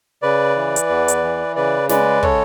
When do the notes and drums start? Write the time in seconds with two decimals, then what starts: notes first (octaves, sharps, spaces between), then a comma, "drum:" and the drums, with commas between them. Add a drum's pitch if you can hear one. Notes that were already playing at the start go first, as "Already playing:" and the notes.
0.22 C#3 B4 D5
0.56 E3
0.76 drum: hi-hat
0.89 E2
1.08 drum: hi-hat
1.23 E3
1.56 C#3 B4 D5
1.89 G#3 B4 D5, drum: snare
2.23 C#3 A4 C#5, drum: kick